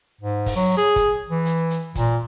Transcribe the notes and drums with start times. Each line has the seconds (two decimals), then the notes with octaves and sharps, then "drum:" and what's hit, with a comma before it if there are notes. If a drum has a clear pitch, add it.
0.21 G#2
0.46 drum: kick, open hi-hat
0.55 F#3
0.77 G#4
0.96 drum: kick, hi-hat
1.30 E3
1.46 drum: hi-hat
1.71 drum: hi-hat
1.95 A#2, drum: kick, hi-hat